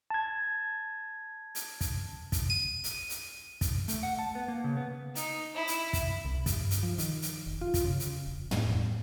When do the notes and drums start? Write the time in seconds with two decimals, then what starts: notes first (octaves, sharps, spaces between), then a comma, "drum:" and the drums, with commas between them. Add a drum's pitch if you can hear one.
0.10 A5 G#6
1.55 drum: hi-hat
1.81 drum: kick, hi-hat
2.32 drum: kick, hi-hat
2.50 D#7
2.84 drum: hi-hat
3.10 drum: hi-hat
3.61 drum: kick, hi-hat
3.88 A3, drum: hi-hat
4.03 F#5
4.19 A5
4.35 B3
4.48 A#3
4.64 C#3
4.77 B3
5.15 D#4, drum: hi-hat
5.55 E4
5.67 drum: hi-hat
5.93 drum: kick, hi-hat
6.25 C2
6.46 G2, drum: kick, hi-hat
6.71 drum: hi-hat
6.83 F3
6.98 D#3, drum: hi-hat
7.22 drum: hi-hat
7.46 F1
7.61 F4
7.74 drum: kick, hi-hat
7.85 C#3
8.00 drum: hi-hat
8.26 E1
8.51 A2, drum: tom